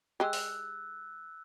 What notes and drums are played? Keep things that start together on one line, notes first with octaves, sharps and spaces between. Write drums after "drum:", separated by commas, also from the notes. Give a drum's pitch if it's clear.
G#3 G4 E6 F#6
drum: open hi-hat